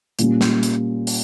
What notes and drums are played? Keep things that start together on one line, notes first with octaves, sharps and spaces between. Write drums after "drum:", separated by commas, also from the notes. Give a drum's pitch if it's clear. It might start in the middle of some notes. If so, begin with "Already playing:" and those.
A#2 G3 A#3 C#4, drum: hi-hat
drum: snare
drum: hi-hat
drum: open hi-hat